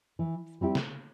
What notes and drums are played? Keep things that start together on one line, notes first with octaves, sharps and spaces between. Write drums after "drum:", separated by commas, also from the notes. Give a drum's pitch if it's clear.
E3
G3 C4 E4 G4
drum: snare